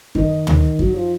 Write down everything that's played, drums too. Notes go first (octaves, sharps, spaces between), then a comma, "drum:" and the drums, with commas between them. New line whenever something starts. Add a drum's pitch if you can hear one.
D#3 D#4, drum: kick F#2
drum: tom
F#3, drum: kick F#2
F3